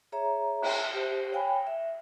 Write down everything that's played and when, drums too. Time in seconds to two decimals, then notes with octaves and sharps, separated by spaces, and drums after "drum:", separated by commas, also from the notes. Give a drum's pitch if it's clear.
0.12 G#4 C#5 E5 A#5
0.62 drum: cymbal
0.93 G4 C5
1.32 C#5 F5 G5 G#5 B5
1.67 E5